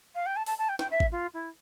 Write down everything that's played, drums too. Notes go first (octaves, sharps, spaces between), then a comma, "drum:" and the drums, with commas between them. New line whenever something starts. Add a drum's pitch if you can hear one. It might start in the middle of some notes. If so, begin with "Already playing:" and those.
F5
G5
A5
A5, drum: open hi-hat
A5
G5
G5, drum: snare
E5
drum: kick G#1
F4
E4